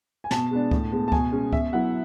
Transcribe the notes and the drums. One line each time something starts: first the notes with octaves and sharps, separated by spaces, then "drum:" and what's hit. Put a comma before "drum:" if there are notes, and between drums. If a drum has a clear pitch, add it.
G#5
B2 A5, drum: snare
G#3 B3 D4
A2, drum: kick C#2
G#3 B3
A5
B2 G#5, drum: kick C#2
G#3 C#4
B2 E5, drum: kick C#2
F#3 B3 E4 F#5